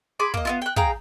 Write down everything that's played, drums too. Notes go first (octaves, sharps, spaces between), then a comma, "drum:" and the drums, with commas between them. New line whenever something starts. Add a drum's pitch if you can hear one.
G#4 B5 C6 D6
A#3 D#5, drum: kick
B3 E4 F4
G5 F#6
G#4 F5 G5 A#5, drum: kick